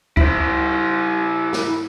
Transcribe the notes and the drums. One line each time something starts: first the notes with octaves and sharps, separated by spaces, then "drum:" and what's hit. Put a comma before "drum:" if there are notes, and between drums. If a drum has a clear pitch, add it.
E4 C5, drum: kick C#2
drum: snare